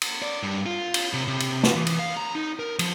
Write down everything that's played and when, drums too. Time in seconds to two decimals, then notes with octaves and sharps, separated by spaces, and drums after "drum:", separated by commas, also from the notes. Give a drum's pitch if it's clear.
0.02 drum: cymbal
0.22 D5
0.43 G2
0.66 F4
0.94 drum: cymbal
1.13 C3
1.28 C3
1.40 drum: cymbal
1.63 drum: snare
1.76 E3
1.87 drum: cymbal
1.99 F5
2.17 A#5
2.35 D#4
2.59 A#4
2.79 F3, drum: cymbal